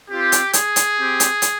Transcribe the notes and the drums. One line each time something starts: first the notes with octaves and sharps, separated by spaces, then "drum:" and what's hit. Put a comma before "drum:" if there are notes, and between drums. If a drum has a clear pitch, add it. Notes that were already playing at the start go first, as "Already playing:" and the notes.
C4 F4 G4
drum: hi-hat
G#4, drum: hi-hat
drum: hi-hat
C4 G4
drum: hi-hat
drum: hi-hat